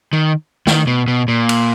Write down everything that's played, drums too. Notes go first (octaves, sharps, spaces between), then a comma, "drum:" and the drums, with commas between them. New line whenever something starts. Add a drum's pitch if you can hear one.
D#3
D#3, drum: snare
B2
B2
A#2
drum: cymbal